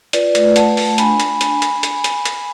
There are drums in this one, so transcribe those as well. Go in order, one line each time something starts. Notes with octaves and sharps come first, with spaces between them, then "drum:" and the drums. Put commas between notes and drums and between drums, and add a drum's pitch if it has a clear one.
F4 B4 D5, drum: hi-hat
A3, drum: hi-hat
A3 F#5 A5, drum: hi-hat
F4, drum: open hi-hat
D4 G#5 B5, drum: hi-hat
D4, drum: hi-hat
drum: hi-hat
drum: hi-hat
drum: hi-hat
drum: hi-hat
drum: hi-hat